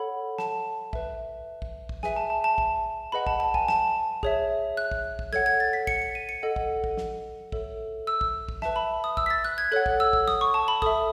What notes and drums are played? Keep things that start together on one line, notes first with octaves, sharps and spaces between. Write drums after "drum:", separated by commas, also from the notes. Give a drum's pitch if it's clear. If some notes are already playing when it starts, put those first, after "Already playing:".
Already playing: A4 C#5 F#5 B5
A5, drum: snare
B4 E5, drum: kick
drum: kick
drum: kick
G#4 B4 E5 G#5, drum: snare
A5
A5
A5
drum: kick
G#4 B4 D#5 F#5 B5
A5, drum: kick
A5
G#5, drum: kick
A5, drum: snare
G#4 C#5 E5, drum: kick
F#6
drum: kick
drum: kick
A4 C#5 F#5 G#6, drum: snare
G#6
A6
B6
C#7, drum: kick
C#7
D#7
C#7
A4 D#5 F#5
drum: kick
drum: kick
drum: snare
A4 C#5 E5, drum: kick
E6
drum: kick
drum: kick
B4 E5 A5, drum: snare
B5
D#6
E6, drum: kick
B6
A6
F#6
G#6
A4 C#5 F#5 F#6
drum: kick
E6
drum: kick
D#6, drum: snare
C#6
A5
B5
A4 E5 D#6, drum: kick